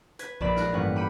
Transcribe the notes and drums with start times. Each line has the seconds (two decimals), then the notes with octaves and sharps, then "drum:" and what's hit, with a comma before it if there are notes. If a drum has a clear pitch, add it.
0.19 B4 G#6 B6, drum: hi-hat
0.41 A#1 D5 B5 E7, drum: kick A#1
0.56 F6 F#6 A#6, drum: snare
0.72 A1 G2 A#3 C#4 B4 F#5
0.96 G4 B5 C#7 D#7